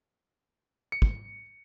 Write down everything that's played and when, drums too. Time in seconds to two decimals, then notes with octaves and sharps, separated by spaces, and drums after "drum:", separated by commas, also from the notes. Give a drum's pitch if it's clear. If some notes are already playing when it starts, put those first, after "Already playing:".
0.92 C#7
1.02 drum: kick